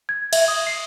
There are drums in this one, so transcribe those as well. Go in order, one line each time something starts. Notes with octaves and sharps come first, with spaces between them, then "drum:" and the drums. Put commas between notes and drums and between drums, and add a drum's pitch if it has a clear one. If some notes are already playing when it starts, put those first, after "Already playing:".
G#6
E5, drum: cymbal
D#6
C7